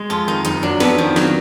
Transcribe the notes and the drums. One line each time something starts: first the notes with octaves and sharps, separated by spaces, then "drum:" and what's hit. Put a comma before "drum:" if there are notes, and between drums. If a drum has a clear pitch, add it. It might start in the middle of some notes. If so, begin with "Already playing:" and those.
Already playing: G#3
F2 F4
D#3 D#4
F#1 D#4, drum: hi-hat
F#3 D4
F2 B3, drum: snare
D#3 F3
F#3, drum: snare